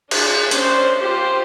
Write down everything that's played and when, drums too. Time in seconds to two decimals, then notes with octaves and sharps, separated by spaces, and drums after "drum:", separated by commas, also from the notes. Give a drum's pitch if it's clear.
0.11 D4 G#4, drum: cymbal
0.51 C#4 D4 C5, drum: hi-hat
0.98 F4 G4 C5